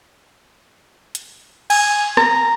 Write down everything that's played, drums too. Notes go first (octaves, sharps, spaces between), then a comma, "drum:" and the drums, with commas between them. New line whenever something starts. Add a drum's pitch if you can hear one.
drum: hi-hat
G#5, drum: cymbal
A#5, drum: rim click